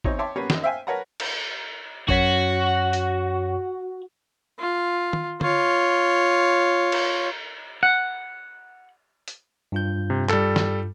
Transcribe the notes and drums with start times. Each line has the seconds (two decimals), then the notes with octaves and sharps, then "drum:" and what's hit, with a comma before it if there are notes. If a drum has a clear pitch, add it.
0.04 E2 C4 D#4 C#5 D#5 C#6, drum: kick G#1
0.19 C#5 E5 G5 A5 C6 D6
0.36 A#3 B3 C#4 G4 B4 C#5
0.50 F#2 D#5, drum: snare
0.63 C5 E5 F5 G5 G#5
0.87 A#4 B4 C#5 F#5 A5 A#5
1.20 drum: cymbal
2.09 F#2 F#4 C#5 B6, drum: kick G#1
2.93 drum: hi-hat
4.59 F4
5.13 drum: tom
5.41 F4 C#5, drum: tom D3
6.92 drum: cymbal
7.83 F#5
9.28 drum: hi-hat
9.72 G2 F4 G6
10.10 C3
10.29 G3 A4, drum: clap
10.56 drum: snare